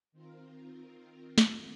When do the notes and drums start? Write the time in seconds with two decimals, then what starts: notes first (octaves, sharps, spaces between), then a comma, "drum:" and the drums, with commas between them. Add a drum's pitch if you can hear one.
0.12 D#3 C4 F4 A#4
1.38 drum: snare